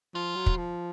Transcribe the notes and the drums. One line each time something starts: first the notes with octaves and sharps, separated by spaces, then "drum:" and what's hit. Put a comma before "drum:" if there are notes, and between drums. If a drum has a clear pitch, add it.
F3 F4
F#3
drum: kick
F3